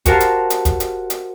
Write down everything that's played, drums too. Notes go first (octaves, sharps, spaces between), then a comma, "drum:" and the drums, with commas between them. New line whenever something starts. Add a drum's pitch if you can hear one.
F#4 G4 A#4 C5 F5 A5, drum: kick, hi-hat
drum: hi-hat
drum: hi-hat
drum: kick, hi-hat
drum: hi-hat
drum: hi-hat